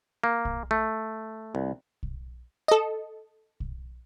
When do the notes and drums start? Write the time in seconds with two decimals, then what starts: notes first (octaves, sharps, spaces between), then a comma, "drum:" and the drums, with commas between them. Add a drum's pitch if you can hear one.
0.24 A#3
0.45 drum: kick
0.71 A3
1.55 C2
2.03 drum: kick
2.68 A4 D#5
3.60 drum: kick